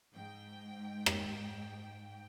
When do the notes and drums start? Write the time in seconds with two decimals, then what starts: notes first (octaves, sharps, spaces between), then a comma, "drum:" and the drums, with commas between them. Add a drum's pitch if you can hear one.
0.13 G#2 G5
1.06 drum: rim click